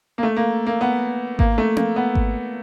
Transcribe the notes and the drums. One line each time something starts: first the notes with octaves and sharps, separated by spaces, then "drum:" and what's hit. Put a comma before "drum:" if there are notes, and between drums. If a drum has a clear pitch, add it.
A#3
A3
A#3
A#3
B3
A#3, drum: kick G#1
A3
A#3, drum: tom C4
B3
drum: kick G#1